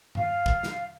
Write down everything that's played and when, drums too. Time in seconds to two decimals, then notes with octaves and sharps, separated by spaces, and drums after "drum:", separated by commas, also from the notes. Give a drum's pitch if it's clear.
0.15 F5, drum: tom G2
0.46 drum: kick
0.63 drum: snare